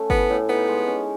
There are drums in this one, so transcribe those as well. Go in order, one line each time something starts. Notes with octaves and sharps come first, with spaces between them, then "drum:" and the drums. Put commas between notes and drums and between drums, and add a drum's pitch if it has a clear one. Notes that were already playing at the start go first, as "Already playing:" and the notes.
Already playing: A3 C#4
E3 B3, drum: kick G1
A2
B3 D#4
G#3
C#4